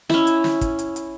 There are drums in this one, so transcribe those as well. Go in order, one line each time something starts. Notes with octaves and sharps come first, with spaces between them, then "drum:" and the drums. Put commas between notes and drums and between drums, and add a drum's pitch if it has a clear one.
C#4 E4, drum: snare
drum: hi-hat
drum: snare
drum: kick, hi-hat
drum: hi-hat
drum: hi-hat